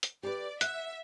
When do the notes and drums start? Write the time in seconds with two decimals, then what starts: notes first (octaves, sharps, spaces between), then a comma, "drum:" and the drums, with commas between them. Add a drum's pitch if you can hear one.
0.03 drum: hi-hat
0.23 G4 B4 D5
0.61 E5 F#5 F#6, drum: hi-hat